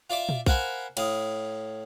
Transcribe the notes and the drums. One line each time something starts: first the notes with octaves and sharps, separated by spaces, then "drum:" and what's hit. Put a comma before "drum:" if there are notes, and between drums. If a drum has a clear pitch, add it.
F4 D5 E5 D6
drum: tom A#2
A#4 C5 F5 F#5 G#5 B5, drum: kick
A2 F5 D#6, drum: cymbal